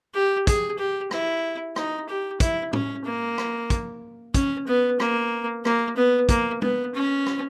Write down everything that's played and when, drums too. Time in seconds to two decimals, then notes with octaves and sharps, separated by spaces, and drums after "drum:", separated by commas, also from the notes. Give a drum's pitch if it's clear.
0.15 G4
0.47 G#4, drum: kick, hi-hat
0.78 G4
1.11 E4, drum: rim click
1.76 D#4, drum: rim click
2.09 G4
2.40 E4, drum: kick, hi-hat
2.73 C#4, drum: tom
3.05 A#3
3.38 drum: rim click
3.70 drum: kick, hi-hat
4.34 C#4, drum: kick, hi-hat
4.67 B3
5.00 A#3, drum: rim click
5.65 A#3, drum: rim click
5.97 B3
6.29 A#3, drum: kick, hi-hat
6.62 B3, drum: tom
6.95 C#4
7.26 drum: rim click